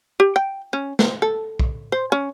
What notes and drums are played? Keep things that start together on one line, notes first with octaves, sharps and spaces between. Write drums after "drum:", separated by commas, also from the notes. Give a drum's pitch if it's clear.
G4
G5
C#4
C5, drum: snare
A4
drum: kick
C5
C#4